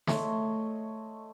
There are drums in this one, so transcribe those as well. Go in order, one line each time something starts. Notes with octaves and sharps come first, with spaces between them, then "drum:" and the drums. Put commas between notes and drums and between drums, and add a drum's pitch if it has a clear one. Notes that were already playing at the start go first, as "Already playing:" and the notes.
A3 C#5 D#5 C6, drum: snare